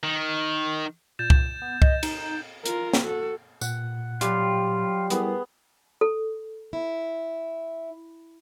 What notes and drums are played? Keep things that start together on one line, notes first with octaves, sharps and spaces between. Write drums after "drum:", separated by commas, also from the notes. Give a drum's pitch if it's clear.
D#3
A#2 G6 A6 E7
drum: kick C2
B3
D#5, drum: kick C2
D#4, drum: cymbal
F4 A#4, drum: hi-hat
drum: snare
F#4 A4
A#2 F#5, drum: tambourine
F#3 G3 F4 G4 A5, drum: hi-hat
G3 B3 E4 G#4 A#4 B4, drum: hi-hat
A4
E4